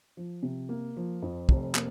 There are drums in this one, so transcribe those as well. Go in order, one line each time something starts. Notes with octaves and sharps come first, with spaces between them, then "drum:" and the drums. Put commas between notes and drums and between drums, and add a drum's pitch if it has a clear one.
F3
C3
A#3
F3
F2
F1, drum: kick
A#3, drum: clap